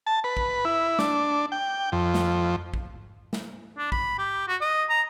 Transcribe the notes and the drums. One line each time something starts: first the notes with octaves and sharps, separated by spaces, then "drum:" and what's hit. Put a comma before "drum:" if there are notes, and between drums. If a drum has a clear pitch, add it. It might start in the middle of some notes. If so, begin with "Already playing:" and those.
A5
B4
drum: kick
E4
D4, drum: snare
G5
F2
drum: snare
drum: kick
drum: snare
D4
B5, drum: kick
G4
F#4
D#5
A#5